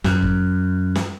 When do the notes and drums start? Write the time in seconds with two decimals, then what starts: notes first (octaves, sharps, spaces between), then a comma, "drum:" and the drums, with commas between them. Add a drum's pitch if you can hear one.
0.04 F#2, drum: snare
0.23 drum: kick
0.95 drum: snare